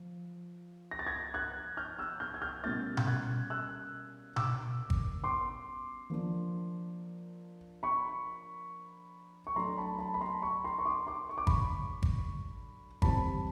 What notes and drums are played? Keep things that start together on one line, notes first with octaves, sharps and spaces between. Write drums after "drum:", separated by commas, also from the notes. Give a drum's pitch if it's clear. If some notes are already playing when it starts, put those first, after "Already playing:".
Already playing: F3
A#6
A6
G#6 A#6
F#6 G#6
F6 G6
E6 F#6
F6 G6
G#6
F6 G6
B2 G3 A#3 C#4 E4 G6 A6
drum: tom B2
F#6 G#6
E6 F#6
D6 E6, drum: tom B2
drum: kick G#1
C6 D6
F3 A#3 D4
B5 C#6
C#6
F#3 A3 D4 A#5 C6
A5 B5
A5 B5
B5
A#5 C6
B5 C#6
A#5 C6
C#6
C6 D6
C6 D6
C#6
D6
B5 C#6, drum: kick G#1
drum: kick G#1
E3 G3 C4 A5 B5, drum: kick G#1